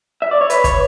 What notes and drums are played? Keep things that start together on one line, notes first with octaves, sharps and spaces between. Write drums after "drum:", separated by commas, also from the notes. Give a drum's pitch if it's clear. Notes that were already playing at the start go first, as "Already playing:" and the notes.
E5
D5
C#5
B4, drum: hi-hat
C#5, drum: kick, hi-hat